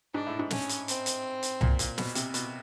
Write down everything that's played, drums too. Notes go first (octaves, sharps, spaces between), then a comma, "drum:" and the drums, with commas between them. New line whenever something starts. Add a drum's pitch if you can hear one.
G#2 D4
A2
G#2
C#4, drum: snare
drum: hi-hat
C4, drum: hi-hat
drum: hi-hat
drum: hi-hat
A#2, drum: tom C2
A#2, drum: hi-hat
B2, drum: snare
C3, drum: hi-hat
B2, drum: hi-hat